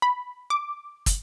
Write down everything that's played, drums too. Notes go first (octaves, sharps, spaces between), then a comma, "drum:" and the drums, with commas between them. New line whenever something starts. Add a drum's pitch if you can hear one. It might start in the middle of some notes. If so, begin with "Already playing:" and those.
B5
D6
drum: kick, hi-hat